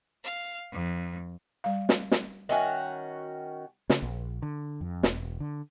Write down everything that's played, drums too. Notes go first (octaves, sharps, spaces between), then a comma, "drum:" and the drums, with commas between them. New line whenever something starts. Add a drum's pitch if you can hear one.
F5
F2
G3 F5
drum: snare
drum: snare
D#3 C#4 F#4 E5 G#5
C#3, drum: snare
A#1
D3
F2
E1, drum: snare
D3